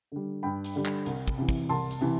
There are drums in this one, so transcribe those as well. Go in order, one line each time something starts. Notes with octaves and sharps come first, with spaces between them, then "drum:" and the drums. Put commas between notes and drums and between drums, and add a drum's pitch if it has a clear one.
D3 G3
G2 G5 B5
drum: hi-hat
D3 G3
drum: clap
C2, drum: hi-hat
drum: kick
C3 E3
drum: kick, open hi-hat
C2 A5 C6
drum: hi-hat
C3 E3